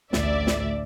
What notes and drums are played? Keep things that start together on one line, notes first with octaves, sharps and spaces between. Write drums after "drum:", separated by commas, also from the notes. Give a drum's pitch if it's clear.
A1 D2 D5 E5, drum: snare
drum: snare